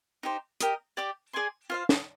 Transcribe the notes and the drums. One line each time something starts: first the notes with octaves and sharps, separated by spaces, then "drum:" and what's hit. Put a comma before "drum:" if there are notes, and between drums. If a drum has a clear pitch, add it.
D#4 G4 C5
G4 A#4 D#5, drum: hi-hat
G4 D5 G5 D6
G#4 D5 G#5 C6
F4 C5 F5
drum: snare